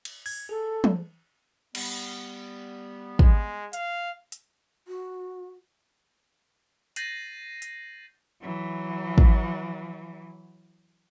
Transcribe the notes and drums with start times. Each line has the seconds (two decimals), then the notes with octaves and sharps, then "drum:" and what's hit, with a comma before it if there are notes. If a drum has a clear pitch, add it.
0.05 drum: cymbal
0.26 G#6, drum: open hi-hat
0.49 G#4 A4
0.84 drum: tom
1.75 G3 B3, drum: cymbal
3.19 G#3, drum: kick
3.73 F5, drum: hi-hat
4.32 drum: hi-hat
4.88 F#4
6.96 G6 A6 A#6 C7 D#7 F#7, drum: hi-hat
7.62 drum: hi-hat
8.41 E3 F#3
9.18 drum: kick